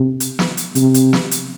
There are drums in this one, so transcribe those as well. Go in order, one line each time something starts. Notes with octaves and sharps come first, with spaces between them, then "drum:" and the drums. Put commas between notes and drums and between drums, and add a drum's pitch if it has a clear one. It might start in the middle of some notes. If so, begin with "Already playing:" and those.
Already playing: C3
drum: hi-hat
drum: snare
drum: hi-hat
C3, drum: hi-hat
drum: hi-hat
drum: snare
drum: hi-hat